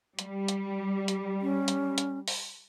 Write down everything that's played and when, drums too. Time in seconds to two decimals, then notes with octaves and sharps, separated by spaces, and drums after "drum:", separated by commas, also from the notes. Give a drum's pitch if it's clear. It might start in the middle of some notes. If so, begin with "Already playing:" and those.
0.19 G3, drum: hi-hat
0.48 drum: hi-hat
1.08 drum: hi-hat
1.42 C#4
1.68 drum: hi-hat
1.98 drum: hi-hat
2.28 drum: open hi-hat